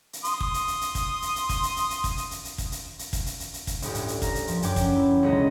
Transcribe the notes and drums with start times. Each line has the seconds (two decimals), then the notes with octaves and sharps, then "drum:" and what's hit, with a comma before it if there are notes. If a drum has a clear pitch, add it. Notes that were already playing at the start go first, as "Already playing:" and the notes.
0.13 drum: hi-hat
0.24 C6 D#6, drum: hi-hat
0.40 drum: kick
0.54 drum: hi-hat
0.68 drum: hi-hat
0.81 drum: hi-hat
0.95 drum: kick, hi-hat
1.22 drum: hi-hat
1.36 drum: hi-hat
1.49 drum: kick, hi-hat
1.63 drum: hi-hat
1.77 drum: hi-hat
1.90 drum: hi-hat
2.04 drum: kick, hi-hat
2.17 drum: hi-hat
2.31 drum: hi-hat
2.45 drum: hi-hat
2.58 drum: kick, hi-hat
2.72 drum: hi-hat
2.99 drum: hi-hat
3.13 drum: kick, hi-hat
3.26 drum: hi-hat
3.40 drum: hi-hat
3.54 drum: hi-hat
3.67 drum: kick, hi-hat
3.82 G1 D2 A2 G4, drum: hi-hat
3.94 drum: hi-hat
4.08 drum: hi-hat
4.22 A#4, drum: kick, hi-hat
4.35 drum: hi-hat
4.47 F3, drum: hi-hat
4.62 F#2 G5 D6, drum: hi-hat
4.76 drum: kick, hi-hat
4.96 E4
5.22 E1 C#2 F#3 A#3 D4 D#5